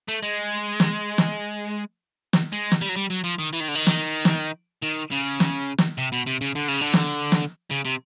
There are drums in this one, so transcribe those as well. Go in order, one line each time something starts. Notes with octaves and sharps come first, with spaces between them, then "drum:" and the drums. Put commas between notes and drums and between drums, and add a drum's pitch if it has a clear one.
A3
G#3
drum: snare
drum: snare
drum: snare
G#3
drum: snare
G3
F#3
G3
F#3
F3
D#3
E3
D#3
D3
D#3
drum: snare
drum: snare
D#3
C#3
drum: snare
drum: snare
C3
B2
C3
C#3
D3
C#3
D3
drum: snare
drum: snare
C#3
C3